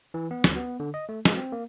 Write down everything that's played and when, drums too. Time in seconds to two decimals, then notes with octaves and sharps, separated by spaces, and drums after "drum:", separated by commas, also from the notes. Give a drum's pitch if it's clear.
0.14 E3
0.31 B3
0.44 D2, drum: snare
0.56 B3
0.80 D3
0.94 D#5
1.09 A3
1.25 G#3, drum: snare
1.37 C4
1.52 A#3